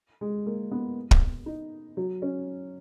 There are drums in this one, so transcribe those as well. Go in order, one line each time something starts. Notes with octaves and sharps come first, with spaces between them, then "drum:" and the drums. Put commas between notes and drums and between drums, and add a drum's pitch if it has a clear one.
G#3
A#3
B3
drum: kick
D#4
F#3
C#4